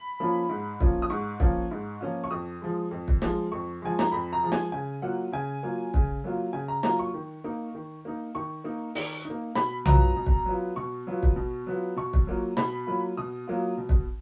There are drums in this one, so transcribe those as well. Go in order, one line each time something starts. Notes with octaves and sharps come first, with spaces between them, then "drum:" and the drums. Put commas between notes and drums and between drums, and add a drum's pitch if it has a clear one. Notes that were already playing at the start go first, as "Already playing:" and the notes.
Already playing: B5
F3 A#3 C#4 F4
G#2
F3 A#3 C#4 F4, drum: kick
D#6
G#2 C#6
F3 A#3 C#4 F4, drum: kick
G#2
F3 A#3 C#4 F4
C#6
F2 D#6
F3 G#3
F2
drum: kick
F3 G#3, drum: snare
F2 C#6
F3 G#3 G#5
A#5, drum: snare
F2 B5
A#5
F3 G#3
G#5, drum: snare
C#3 G#5
F#3 A#3 F4 F#5
C#3 G#5
F#3 A#3 F4
C#3, drum: kick
F#3 A#3 F4
C#3 G#5
A#5
F#3 A#3 F4 A#5, drum: snare
C#6
D#3
A#3 D#4
D#3
A#3 D#4
D#3 C#6
A#3 D#4
D#3, drum: open hi-hat
A#3 D#4
B2 B5, drum: snare
F#3 B3 F4 A#5, drum: tom B1
B2
drum: kick
F#3 B3 F4
B2 C#6
F#3 B3 F4
drum: kick
B2
F#3 B3 F4
B2 C#6
drum: kick
F#3 A#3 F4
B2 B5, drum: snare
F#3 A#3 F4
B2 D#6
F#3 A#3 F4
B2
drum: kick